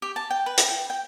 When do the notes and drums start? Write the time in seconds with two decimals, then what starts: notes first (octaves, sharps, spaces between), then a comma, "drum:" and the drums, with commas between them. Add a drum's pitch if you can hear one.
0.02 G4
0.16 A5
0.30 G5
0.46 B4
0.57 drum: hi-hat
0.68 G5
0.90 G5